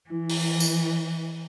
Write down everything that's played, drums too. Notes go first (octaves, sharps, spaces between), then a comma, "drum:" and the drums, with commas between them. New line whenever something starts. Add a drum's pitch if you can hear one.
E3 E4
drum: open hi-hat
drum: tambourine